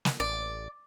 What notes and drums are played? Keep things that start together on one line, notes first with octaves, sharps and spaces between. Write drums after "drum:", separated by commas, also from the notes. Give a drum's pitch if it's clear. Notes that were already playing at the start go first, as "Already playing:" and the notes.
drum: snare
A1 D5